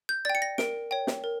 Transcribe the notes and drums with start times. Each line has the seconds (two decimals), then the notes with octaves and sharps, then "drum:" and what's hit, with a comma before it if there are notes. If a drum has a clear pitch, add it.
0.09 G6
0.25 D5 G5 A6
0.35 C#7
0.42 A#6
0.58 A#4 D7, drum: snare
0.91 C#5 G5
1.07 drum: snare
1.24 A#4